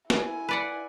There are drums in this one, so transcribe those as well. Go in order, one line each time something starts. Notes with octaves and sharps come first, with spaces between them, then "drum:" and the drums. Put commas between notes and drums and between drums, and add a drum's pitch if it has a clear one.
E4 G#5, drum: snare
B4 D5 F#5